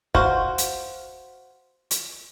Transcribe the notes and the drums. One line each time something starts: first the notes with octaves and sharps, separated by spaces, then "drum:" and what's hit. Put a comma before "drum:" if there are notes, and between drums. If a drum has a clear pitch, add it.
F#4 C5 F5, drum: kick
drum: hi-hat
drum: hi-hat